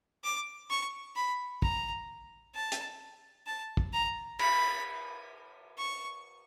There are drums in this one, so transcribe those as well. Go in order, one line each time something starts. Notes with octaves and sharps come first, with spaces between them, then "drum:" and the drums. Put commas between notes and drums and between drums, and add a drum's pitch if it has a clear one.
D6
C#6
B5
A#5, drum: kick
A5
drum: hi-hat
A5
drum: kick
A#5
B5, drum: cymbal
C#6